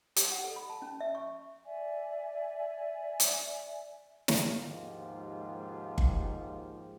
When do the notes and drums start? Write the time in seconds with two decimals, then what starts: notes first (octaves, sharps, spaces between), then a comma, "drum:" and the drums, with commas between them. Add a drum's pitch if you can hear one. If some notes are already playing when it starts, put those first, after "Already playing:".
0.16 G4, drum: hi-hat
0.31 F#5
0.44 A4
0.56 B5
0.70 A5
0.82 C#4
1.01 E5
1.15 C#6
1.65 D5 E5 G#5
3.20 drum: hi-hat
4.28 drum: snare
4.50 D#2 G#2 F3 G#3 F4 G4
5.98 drum: kick G1